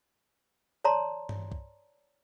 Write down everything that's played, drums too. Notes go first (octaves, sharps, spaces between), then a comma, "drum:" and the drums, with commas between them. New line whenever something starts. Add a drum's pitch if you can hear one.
C#5 D5 A5 A#5 C6
drum: tom G2
drum: kick